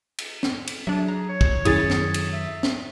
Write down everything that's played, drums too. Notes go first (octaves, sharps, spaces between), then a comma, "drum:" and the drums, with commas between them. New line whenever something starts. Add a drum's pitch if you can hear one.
drum: cymbal
drum: snare
drum: cymbal
F#3 D4 G#4 E5
A#5
C#5
drum: kick
F#2 D#3 C#4 E4 G#4 D#6 A6, drum: cymbal
drum: snare
drum: cymbal
E5
drum: snare